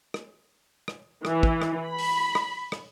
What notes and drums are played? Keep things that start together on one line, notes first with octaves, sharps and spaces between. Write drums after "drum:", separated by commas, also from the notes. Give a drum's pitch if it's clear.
drum: rim click
drum: rim click
E3, drum: rim click
drum: kick
drum: rim click
B5
drum: open hi-hat
drum: rim click
drum: rim click